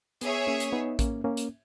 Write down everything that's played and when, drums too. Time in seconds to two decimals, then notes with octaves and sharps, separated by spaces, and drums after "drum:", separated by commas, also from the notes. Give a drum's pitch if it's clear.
0.21 B3 G#4 C#5 E5, drum: hi-hat
0.47 A#3 C#4
0.60 drum: hi-hat
0.73 B3 D#4
0.99 A#3 C#4, drum: kick, hi-hat
1.24 A#3 C#4
1.37 drum: hi-hat